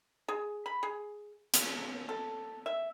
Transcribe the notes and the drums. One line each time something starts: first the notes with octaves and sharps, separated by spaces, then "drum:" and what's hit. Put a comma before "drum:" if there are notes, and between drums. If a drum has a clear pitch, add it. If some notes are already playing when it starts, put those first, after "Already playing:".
G#4
B5
G#4
C#3, drum: hi-hat
A4
E5